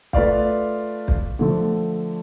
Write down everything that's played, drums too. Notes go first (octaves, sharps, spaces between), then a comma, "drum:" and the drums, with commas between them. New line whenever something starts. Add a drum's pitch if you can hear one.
A3 F4 B4 D5 F5, drum: kick
drum: kick
D3 F3 A3